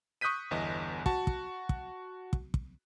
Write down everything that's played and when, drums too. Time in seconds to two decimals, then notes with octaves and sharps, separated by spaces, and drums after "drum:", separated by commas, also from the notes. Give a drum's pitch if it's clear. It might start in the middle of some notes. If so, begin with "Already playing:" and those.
0.21 C#6 D#6 F#6 G6 B6 D#7
0.51 G1 E2 D#5
1.06 F#4 A5, drum: kick
1.27 drum: kick
1.69 drum: kick
2.33 drum: kick
2.54 drum: kick